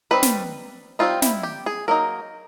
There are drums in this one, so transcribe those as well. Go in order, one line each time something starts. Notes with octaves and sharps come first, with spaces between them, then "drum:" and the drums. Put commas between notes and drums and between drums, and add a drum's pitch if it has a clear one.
D#3 G3 C4 B4
drum: snare
G3 C4 D#4 F4
E4, drum: snare
G4
G#4
F#3 A#3 D#4 A#4